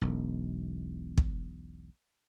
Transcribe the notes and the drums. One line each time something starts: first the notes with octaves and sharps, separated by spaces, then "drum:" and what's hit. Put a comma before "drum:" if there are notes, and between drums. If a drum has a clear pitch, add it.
E1 B1
drum: kick